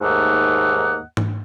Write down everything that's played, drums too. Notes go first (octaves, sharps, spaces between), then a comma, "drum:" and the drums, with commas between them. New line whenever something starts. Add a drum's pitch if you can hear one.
D#2 G#2 A3 A#3 D#5 F#5
drum: tom G#2